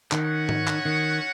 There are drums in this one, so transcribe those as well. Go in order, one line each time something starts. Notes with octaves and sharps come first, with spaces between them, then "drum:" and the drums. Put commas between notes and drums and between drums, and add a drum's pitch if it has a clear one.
D#3 C#4 F#4 C#5 F#5, drum: clap
drum: tom G#2
drum: clap
D#3